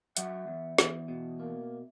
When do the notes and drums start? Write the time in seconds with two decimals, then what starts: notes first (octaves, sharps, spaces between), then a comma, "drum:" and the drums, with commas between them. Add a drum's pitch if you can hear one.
0.17 F#3 E5 F#5, drum: hi-hat
0.47 E2
0.78 E2, drum: snare
1.08 B2
1.40 A#3